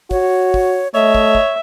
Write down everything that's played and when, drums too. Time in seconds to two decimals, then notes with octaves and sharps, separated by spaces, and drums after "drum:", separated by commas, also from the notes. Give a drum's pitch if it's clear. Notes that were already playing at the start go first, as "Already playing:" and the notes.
0.11 F#4 C#5, drum: kick
0.54 drum: kick
0.94 A3 C#5 D#5 E5
1.15 drum: kick
1.35 drum: kick